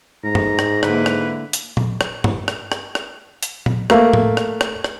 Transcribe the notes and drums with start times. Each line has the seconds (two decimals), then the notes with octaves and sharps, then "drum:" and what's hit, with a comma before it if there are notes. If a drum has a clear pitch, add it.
0.24 G#2 A#5
0.35 drum: tom G2
0.59 drum: rim click
0.83 D3 A#3 E4 B4, drum: rim click
1.06 drum: rim click
1.53 drum: hi-hat
1.77 drum: tom A#2
2.01 drum: rim click
2.24 drum: tom G2
2.48 drum: rim click
2.72 drum: rim click
2.95 drum: rim click
3.43 drum: hi-hat
3.66 drum: tom A#2
3.90 A3 A#3, drum: rim click
4.13 drum: tom A2
4.37 drum: rim click
4.61 drum: rim click
4.84 drum: rim click